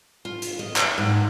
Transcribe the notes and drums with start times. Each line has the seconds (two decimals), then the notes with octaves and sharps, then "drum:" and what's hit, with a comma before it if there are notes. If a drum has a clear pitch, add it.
0.25 F4
0.42 drum: hi-hat
0.59 D#5
0.76 drum: clap
0.98 G#2